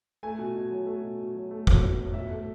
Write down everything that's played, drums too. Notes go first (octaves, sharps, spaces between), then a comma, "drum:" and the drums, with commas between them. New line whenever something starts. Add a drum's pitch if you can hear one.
A3 G#5
B2
B2
F#3
A3
B2
B2
F#3
A3
B2, drum: kick F1
B2
F#3
B2 E5
A3